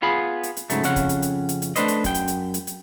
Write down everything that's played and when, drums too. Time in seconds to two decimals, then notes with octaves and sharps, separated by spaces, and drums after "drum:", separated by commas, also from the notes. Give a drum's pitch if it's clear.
0.02 B3 F4 G#4 B5
0.43 drum: hi-hat
0.57 drum: hi-hat
0.70 G#2 C#3 F#3 A3, drum: hi-hat
0.83 F2 C#3 C#4 F#5, drum: hi-hat
0.96 drum: kick, hi-hat
1.09 drum: hi-hat
1.22 drum: hi-hat
1.49 drum: hi-hat
1.62 drum: hi-hat
1.76 A3 D4 B4 C5 D#5, drum: hi-hat
1.88 drum: hi-hat
2.04 F#2 G5, drum: kick, hi-hat
2.14 drum: hi-hat
2.28 drum: hi-hat
2.54 drum: hi-hat
2.67 drum: hi-hat